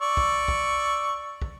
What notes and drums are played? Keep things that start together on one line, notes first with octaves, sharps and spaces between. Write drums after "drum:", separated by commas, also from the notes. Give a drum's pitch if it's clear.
D5 C#6 E6
drum: kick
drum: kick
drum: kick